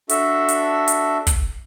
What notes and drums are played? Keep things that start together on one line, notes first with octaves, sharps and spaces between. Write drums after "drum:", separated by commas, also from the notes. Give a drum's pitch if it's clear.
D4 F#4 A4 E5, drum: hi-hat
drum: hi-hat
drum: hi-hat
drum: kick, hi-hat